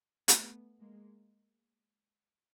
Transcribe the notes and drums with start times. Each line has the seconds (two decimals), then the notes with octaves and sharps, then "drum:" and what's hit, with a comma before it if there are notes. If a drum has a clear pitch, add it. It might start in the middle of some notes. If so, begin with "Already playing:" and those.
0.28 A3 B3, drum: hi-hat
0.80 G#3 A#3